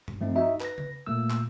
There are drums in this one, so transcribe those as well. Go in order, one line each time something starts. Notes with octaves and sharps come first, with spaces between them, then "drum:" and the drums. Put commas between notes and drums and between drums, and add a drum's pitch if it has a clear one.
drum: tom G2
F3 A3 C4 D#4
D#4 F#4 E5
B4 A#6, drum: clap
drum: tom C#3
A#2 A3 A#3 E6
drum: clap